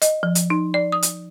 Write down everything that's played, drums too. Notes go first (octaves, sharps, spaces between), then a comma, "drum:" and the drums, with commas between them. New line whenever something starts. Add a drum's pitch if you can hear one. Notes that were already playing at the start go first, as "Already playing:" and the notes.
D#5, drum: hi-hat
F3
drum: hi-hat
D#4
D5
D#6
drum: hi-hat